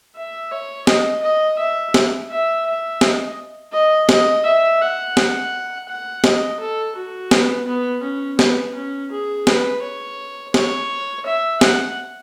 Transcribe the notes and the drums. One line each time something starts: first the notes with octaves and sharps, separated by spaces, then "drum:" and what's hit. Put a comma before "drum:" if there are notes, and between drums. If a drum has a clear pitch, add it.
E5
C#5
D#5, drum: snare
D#5
E5
drum: snare
E5
E5
D#5, drum: snare
D#5
D#5, drum: snare
E5
F#5
drum: snare
F#5
D#5, drum: snare
A4
F#4
B3, drum: snare
B3
C#4
B3, drum: snare
C#4
G#4
B4, drum: snare
C#5
C#5, drum: snare
E5
F#5, drum: snare